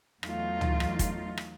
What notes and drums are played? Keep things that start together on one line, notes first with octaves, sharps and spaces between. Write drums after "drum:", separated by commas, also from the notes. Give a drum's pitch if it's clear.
E2 F#3 A3 D#4 F4, drum: rim click
drum: tom
drum: rim click
drum: kick, hi-hat
drum: rim click